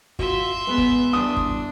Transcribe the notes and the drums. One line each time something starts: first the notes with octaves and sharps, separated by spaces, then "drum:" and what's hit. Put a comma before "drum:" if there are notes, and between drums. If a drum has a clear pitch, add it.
F4 F#4 E5 C6, drum: kick
G#3 B3 B4
drum: kick
E3 G3 D4 D#6
drum: kick